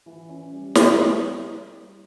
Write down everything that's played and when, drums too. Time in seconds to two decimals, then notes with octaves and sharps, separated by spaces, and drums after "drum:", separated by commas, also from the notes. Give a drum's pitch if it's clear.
0.06 E3
0.29 C#4
0.52 G3
0.75 G3, drum: snare
0.99 G3
1.21 G3